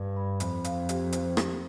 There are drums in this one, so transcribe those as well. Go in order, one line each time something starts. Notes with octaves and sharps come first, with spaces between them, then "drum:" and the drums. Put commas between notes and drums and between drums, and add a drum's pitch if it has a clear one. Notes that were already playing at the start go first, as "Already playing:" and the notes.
Already playing: G2
B5
F2 B5, drum: hi-hat
F5, drum: hi-hat
G4, drum: hi-hat
C5, drum: hi-hat
G4, drum: rim click